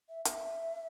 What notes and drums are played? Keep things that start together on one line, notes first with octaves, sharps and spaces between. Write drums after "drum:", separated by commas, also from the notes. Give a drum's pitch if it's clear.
E5
E5, drum: hi-hat